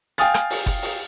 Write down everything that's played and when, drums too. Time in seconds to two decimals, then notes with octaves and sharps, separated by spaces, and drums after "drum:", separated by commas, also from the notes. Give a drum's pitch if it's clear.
0.18 F5 G5 G#5 D#6 F6 A6, drum: hi-hat
0.34 drum: rim click
0.50 drum: open hi-hat
0.66 drum: kick F#1, hi-hat
0.82 drum: open hi-hat